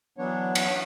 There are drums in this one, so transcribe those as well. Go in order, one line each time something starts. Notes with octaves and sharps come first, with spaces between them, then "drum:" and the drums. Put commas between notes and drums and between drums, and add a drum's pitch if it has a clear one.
E3 F#3 B3 D4 C#5
drum: cymbal